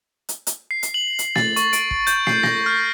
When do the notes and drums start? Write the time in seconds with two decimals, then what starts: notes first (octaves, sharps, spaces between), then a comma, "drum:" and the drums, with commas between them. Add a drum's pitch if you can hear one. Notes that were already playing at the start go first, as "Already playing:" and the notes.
0.29 drum: hi-hat
0.47 drum: hi-hat
0.71 C7
0.83 drum: hi-hat
0.94 F#7
1.19 drum: hi-hat
1.36 A6, drum: snare
1.56 C#6, drum: hi-hat
1.73 D7, drum: hi-hat
1.91 drum: kick
2.07 G6, drum: hi-hat
2.27 C7, drum: snare
2.43 A#6, drum: snare
2.66 F6